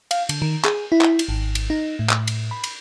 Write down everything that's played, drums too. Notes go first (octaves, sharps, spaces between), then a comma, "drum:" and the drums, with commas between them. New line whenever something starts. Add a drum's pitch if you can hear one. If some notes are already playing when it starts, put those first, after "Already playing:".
F5, drum: cymbal
D3, drum: cymbal
D#3
G#4, drum: clap
E4
drum: clap
drum: cymbal
G#1
drum: cymbal
D#4
A2
drum: clap
drum: cymbal
B5
drum: cymbal